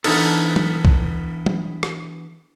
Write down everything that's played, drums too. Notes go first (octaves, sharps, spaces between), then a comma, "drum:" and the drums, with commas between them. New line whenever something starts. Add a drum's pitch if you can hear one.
E3 B3 D4 D#4 A4, drum: cymbal
drum: tom
drum: kick
drum: tom
drum: rim click